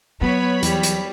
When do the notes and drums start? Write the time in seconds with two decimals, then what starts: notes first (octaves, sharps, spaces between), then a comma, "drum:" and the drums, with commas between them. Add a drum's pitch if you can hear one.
0.21 F#3 B3 C#5 B5
0.63 E2 G3, drum: hi-hat
0.83 drum: hi-hat